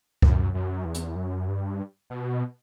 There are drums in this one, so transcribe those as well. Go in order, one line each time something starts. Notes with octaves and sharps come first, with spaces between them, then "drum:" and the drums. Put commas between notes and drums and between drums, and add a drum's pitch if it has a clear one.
F#2, drum: kick C#2
F#2
E2
drum: hi-hat
F#2
G2
B2